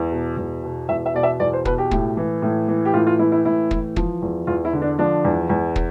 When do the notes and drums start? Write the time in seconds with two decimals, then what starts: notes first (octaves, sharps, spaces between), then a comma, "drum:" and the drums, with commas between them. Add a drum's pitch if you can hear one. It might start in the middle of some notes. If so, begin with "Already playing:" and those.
Already playing: E2
0.12 B2
0.37 E2
0.63 B2
0.89 E2 E5
1.06 E5
1.14 B2 D5
1.23 E5
1.40 E2 D5
1.53 C5
1.65 B2 B4, drum: kick
1.78 G4
1.91 A2, drum: kick
2.17 E3
2.42 A2
2.68 E3
2.85 G4
2.94 A2 F4
3.07 F4
3.19 E3 E4
3.32 E4
3.45 A2 E4
3.71 E3, drum: kick
3.96 F3, drum: kick
4.22 E2
4.47 E2 F4
4.65 E4
4.73 D3
4.82 D4
4.99 F3 D4
5.24 E2
5.49 E2
5.76 drum: kick